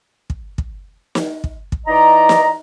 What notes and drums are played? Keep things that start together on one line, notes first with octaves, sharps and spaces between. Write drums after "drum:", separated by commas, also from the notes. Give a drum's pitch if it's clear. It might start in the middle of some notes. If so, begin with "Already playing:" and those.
drum: kick
drum: kick
drum: snare
drum: kick
drum: kick
E3 D#4 D5 D#5 A#5
drum: snare